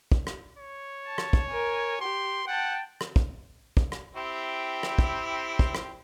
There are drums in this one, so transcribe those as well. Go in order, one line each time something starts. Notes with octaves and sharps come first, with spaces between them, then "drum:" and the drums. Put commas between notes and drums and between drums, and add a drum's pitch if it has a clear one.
drum: kick
drum: rim click
C#5
A5
drum: rim click
drum: kick
A#4 G#5
G4 C6
F#5 G5 A5
drum: rim click
drum: kick
drum: kick
drum: rim click
C4 E4 G4
drum: rim click
drum: kick
drum: kick
drum: rim click